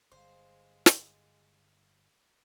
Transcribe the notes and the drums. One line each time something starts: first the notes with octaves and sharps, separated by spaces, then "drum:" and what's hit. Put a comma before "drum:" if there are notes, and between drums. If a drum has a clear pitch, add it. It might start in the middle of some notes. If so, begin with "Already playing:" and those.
G1 G#3 C5 E5 F5
drum: snare